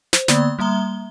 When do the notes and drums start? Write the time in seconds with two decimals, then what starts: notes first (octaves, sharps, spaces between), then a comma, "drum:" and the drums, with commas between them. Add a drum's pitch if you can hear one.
0.13 C5, drum: snare
0.28 D3 A#3 B3 D5 B5, drum: snare
0.59 G3 A#3 E5 A#5 G7